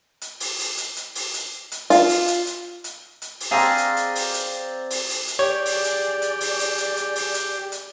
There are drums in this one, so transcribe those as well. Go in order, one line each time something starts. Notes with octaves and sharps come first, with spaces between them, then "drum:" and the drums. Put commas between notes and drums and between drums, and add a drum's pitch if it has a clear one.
drum: hi-hat
drum: open hi-hat
drum: open hi-hat
drum: hi-hat
drum: hi-hat
drum: open hi-hat
drum: hi-hat
drum: hi-hat
F4, drum: open hi-hat
drum: open hi-hat
drum: hi-hat
drum: hi-hat
drum: hi-hat
drum: hi-hat
drum: open hi-hat
C4 G#4 D5 F5 A#5
drum: hi-hat
drum: hi-hat
drum: open hi-hat
drum: hi-hat
drum: open hi-hat
drum: open hi-hat
drum: hi-hat
G4 G#4 C#5 D5
drum: open hi-hat
drum: hi-hat
drum: hi-hat
drum: open hi-hat
drum: open hi-hat
drum: hi-hat
drum: hi-hat
drum: open hi-hat
drum: hi-hat
drum: hi-hat